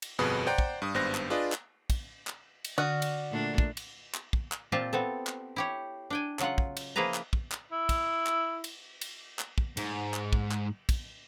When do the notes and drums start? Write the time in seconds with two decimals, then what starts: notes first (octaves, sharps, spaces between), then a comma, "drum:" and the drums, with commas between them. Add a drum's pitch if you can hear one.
0.02 drum: cymbal
0.19 G1 F2 B2 G#4 B4 D#6
0.46 C5 D5 F#5 G5 A#5
0.58 drum: kick
0.82 G2 D#6
0.94 G#1 G2 B3 C5 F#6 A#6
1.15 drum: clap
1.30 D4 F4 G#4 B4 D5 D#5
1.52 drum: clap
1.90 drum: kick, cymbal
2.27 drum: clap
2.65 drum: cymbal
2.78 D3 F#4 D5 D#6 F6
3.02 drum: cymbal
3.31 A#2 A3 D4
3.58 drum: kick
3.77 drum: cymbal
4.14 drum: clap
4.33 drum: kick
4.52 drum: clap
4.72 A#2 C4 F4 G4 A5
4.93 B3 C4 A4
5.27 drum: clap
5.56 E4 G4 C#5
6.10 D4 G5 G#5
6.39 C#3 F#3 F4 F#5, drum: clap
6.58 drum: kick
6.77 drum: cymbal
6.96 F3 A#3 E4 G#4 B4 A#5
7.14 drum: clap
7.33 drum: kick
7.52 drum: clap
7.72 E4
7.89 drum: kick, cymbal
8.27 drum: clap
8.64 drum: cymbal
9.01 drum: cymbal
9.39 drum: clap
9.58 drum: kick
9.77 G#2, drum: cymbal
10.14 drum: clap
10.33 drum: kick
10.51 drum: clap
10.89 drum: kick, cymbal